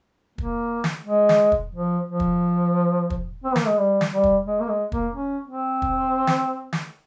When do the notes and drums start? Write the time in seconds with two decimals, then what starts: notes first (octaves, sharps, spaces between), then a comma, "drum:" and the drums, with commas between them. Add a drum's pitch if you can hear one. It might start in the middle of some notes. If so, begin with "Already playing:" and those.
0.38 A#3, drum: kick
0.84 drum: snare
1.06 G#3
1.29 drum: snare
1.52 drum: kick
1.75 F3
2.09 F3
2.20 drum: kick
3.10 drum: kick
3.44 C4
3.56 A#3, drum: snare
3.67 G#3
3.78 G3
4.01 drum: snare
4.13 G3
4.23 drum: kick
4.46 G#3
4.60 A#3
4.68 G#3
4.92 A#3, drum: kick
5.14 C#4
5.48 C4
5.82 drum: kick
6.27 drum: snare
6.73 drum: snare